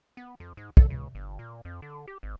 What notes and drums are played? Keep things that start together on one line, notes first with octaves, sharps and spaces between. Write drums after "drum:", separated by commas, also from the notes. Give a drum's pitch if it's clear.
B3
F2
G#2
A4, drum: kick
C#2
G1
A#2
F2
D3
G4
G#1